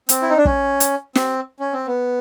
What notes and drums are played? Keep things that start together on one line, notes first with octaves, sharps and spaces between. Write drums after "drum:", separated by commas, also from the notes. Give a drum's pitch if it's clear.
C4, drum: hi-hat
E4
D#4
D4
C#4, drum: kick
drum: hi-hat
C4, drum: snare
C#4
C4
B3